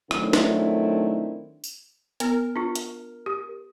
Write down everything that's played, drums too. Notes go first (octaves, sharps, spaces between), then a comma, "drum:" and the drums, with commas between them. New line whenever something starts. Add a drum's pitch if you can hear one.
D#3 F#3 A3 C4 D4 E4, drum: rim click
drum: snare
drum: tambourine
B3 A#4, drum: hi-hat
D4 F4
drum: hi-hat
G4